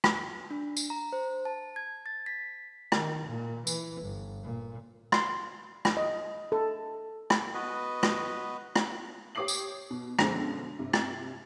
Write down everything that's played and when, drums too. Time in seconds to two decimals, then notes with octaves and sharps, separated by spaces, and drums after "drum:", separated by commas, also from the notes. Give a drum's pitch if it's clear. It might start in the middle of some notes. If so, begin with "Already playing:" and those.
0.04 drum: rim click
0.51 D4
0.76 drum: tambourine
0.90 A#5
1.13 C5
1.45 A5
1.76 G#6
2.06 A6
2.26 B6
2.92 D#3, drum: rim click
3.26 A#2
3.67 E3, drum: tambourine
4.02 G1
4.43 A#2
5.12 C6, drum: rim click
5.85 drum: rim click
5.97 D#5
6.52 A4
7.30 drum: rim click
7.54 B3 F#4 B4 D#5
8.03 drum: rim click
8.76 drum: rim click
9.35 G4 C#5 D6 D#6 C7 F#7
9.48 drum: tambourine
9.90 B2
10.19 F#2 B2 D3 F3 G#3, drum: rim click
10.79 G2 C3
10.93 drum: rim click